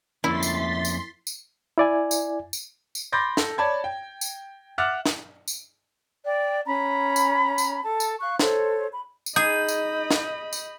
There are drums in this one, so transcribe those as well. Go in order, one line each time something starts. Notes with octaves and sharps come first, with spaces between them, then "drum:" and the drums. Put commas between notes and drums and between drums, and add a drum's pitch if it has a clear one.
F2 A#3 C#4 E4 E5 C6 A6 B6
drum: tambourine
drum: tambourine
drum: tambourine
E4 D5 G#5
drum: tambourine
drum: tambourine
drum: tambourine
B5 C6 D6 G6 A6 A#6
A4, drum: snare
C#5 D5 A5 B5 G#6
G5
drum: tambourine
E5 F#5 D6 F6 F#6 A6
drum: snare
drum: tambourine
D5 G5
C#4 A#5 B5
drum: tambourine
drum: tambourine
A4 A5
drum: tambourine
F5 C#6 F#6
A4 C5 C#5, drum: snare
B5
drum: tambourine
D#4 G#4 D#5 B5 G6
drum: tambourine
drum: snare
drum: tambourine